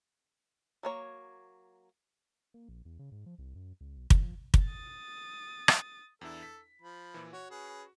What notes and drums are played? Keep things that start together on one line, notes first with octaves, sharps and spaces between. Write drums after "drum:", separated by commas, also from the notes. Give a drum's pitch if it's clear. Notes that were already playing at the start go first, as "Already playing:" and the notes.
F#3 A#3 C#5
A#3
A#1
E2
C#3
G#2
F3
C2
F#2
C#2
B1
D#3, drum: kick
F3
drum: kick
D#6 A6
drum: rim click
E2 D4 E4 A4
B6
F3 B5
A#2 E3
F#4 C#5 F#5
C#4 G#4 B4